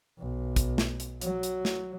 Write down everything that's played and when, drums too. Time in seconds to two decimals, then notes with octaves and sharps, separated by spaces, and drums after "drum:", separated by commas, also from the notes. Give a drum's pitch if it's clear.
0.18 B1
0.56 drum: kick, hi-hat
0.78 drum: snare
1.00 drum: hi-hat
1.21 F#3, drum: hi-hat
1.43 drum: hi-hat
1.65 drum: snare